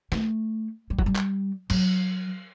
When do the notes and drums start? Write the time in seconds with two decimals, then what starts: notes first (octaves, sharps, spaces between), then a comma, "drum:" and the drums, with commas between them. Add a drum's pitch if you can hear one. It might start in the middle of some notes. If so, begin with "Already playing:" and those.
0.12 A3, drum: snare
0.90 G3
0.99 F#3, drum: kick F1
1.06 G3
1.16 drum: clap
1.70 F#3, drum: cymbal